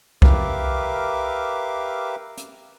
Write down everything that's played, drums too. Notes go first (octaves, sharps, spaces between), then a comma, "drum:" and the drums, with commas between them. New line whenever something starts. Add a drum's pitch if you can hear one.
G4 A#4 B4 E5 F5 D6, drum: kick C2
drum: hi-hat